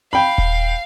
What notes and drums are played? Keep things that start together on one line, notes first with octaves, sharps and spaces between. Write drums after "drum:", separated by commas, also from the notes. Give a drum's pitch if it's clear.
F5 G5 B5
drum: kick D#1